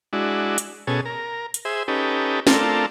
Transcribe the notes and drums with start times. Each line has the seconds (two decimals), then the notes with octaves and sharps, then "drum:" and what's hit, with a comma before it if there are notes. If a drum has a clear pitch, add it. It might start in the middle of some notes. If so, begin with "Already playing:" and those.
0.13 G#3 D4 E4 F#4
0.58 drum: hi-hat
0.87 B2 C#4 G#4 A4
1.05 A#4
1.54 drum: hi-hat
1.65 G#4 C5 E5
1.88 C#4 D#4 G4 A4 B4
2.47 A3 C4 D4 F4 A4 A#4, drum: snare